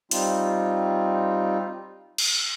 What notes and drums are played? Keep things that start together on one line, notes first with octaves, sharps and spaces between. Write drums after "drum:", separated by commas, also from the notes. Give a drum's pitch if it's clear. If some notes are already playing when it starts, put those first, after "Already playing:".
G3 C4 D#4 F4, drum: hi-hat
drum: cymbal